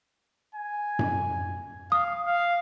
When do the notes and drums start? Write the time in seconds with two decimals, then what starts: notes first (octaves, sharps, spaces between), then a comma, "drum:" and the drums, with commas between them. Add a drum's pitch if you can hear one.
0.55 G#5
0.99 drum: tom F#2
1.92 F5 D#6
2.26 F5